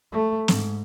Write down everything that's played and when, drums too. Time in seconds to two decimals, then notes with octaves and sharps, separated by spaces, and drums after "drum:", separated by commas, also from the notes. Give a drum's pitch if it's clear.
0.12 A3
0.48 G#2, drum: snare